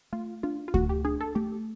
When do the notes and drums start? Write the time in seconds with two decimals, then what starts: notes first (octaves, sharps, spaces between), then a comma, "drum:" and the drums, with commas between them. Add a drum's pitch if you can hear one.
0.13 A3 F4
0.43 D4 F4
0.68 F4
0.74 A3 F#4, drum: kick D2
0.89 G4
1.05 D4 G#4
1.21 A4
1.35 A3 G4